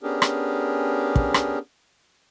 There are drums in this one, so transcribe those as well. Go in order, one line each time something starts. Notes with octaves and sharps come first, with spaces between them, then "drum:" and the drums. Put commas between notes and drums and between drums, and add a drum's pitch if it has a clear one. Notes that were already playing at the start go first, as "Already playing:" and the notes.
B3 C#4 D4 G4 G#4 A#4
drum: rim click
drum: kick
drum: rim click